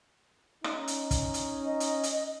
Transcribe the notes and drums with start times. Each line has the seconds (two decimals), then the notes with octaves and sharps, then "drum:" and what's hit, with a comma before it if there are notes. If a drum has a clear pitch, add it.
0.64 C#4 D#4, drum: rim click
0.88 drum: hi-hat
1.11 drum: kick, hi-hat
1.34 drum: hi-hat
1.66 D#5
1.80 drum: hi-hat
2.03 drum: hi-hat